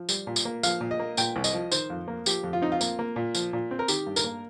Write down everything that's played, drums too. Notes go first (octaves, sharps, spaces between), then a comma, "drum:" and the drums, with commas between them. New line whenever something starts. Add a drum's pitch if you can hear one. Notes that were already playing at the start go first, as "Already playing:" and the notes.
Already playing: F3
G3, drum: tambourine
A#2
drum: tambourine
A#3
F3 F5, drum: tambourine
A#2
D#5
A#3
A#2 G5, drum: tambourine
C2
D#5, drum: tambourine
F3
D#3 C5, drum: tambourine
F2
A#3
F3 G4, drum: tambourine
F2
F4
C4 D#4
F4
A#3, drum: tambourine
A#3
A#2
F3, drum: tambourine
A#2
C4
A#4
D#3 G4, drum: tambourine
G2
A#4, drum: tambourine
A#3